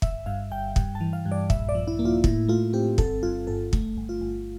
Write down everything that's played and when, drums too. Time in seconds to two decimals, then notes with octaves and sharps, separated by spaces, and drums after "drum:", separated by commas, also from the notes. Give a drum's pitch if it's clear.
0.02 G1 E5, drum: kick
0.26 G2 F5
0.51 G1 G5
0.76 G2 G5, drum: kick
0.95 A5
1.01 E3
1.13 F5
1.26 G2
1.32 D5
1.50 A#1 E5, drum: kick
1.69 D5
1.75 F3
1.88 E4
1.99 A#3
2.05 F4
2.24 A2 E4, drum: kick
2.49 A3 F4
2.73 C4 G4
2.98 G1 A4, drum: kick
3.23 G2 F4
3.47 G1 A4
3.73 A3, drum: kick
3.97 G1
4.09 F4
4.21 G1